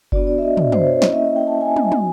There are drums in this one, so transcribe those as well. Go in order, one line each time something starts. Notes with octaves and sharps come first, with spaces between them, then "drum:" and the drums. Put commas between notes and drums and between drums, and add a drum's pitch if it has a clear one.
B3 D4 F#4 D5, drum: kick F#1
D5
E5
D#5
drum: tom
C5, drum: tom
C#5
A#3 C#4 E4 D#5, drum: snare
E5
D#5
G5
A5
G#5
G#5, drum: tom
B3 D#4 F#4 G#5, drum: tom